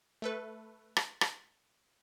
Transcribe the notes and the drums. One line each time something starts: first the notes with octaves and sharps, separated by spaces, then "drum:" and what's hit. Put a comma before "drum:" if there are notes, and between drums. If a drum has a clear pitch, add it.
A3 A4 B4
drum: rim click
drum: rim click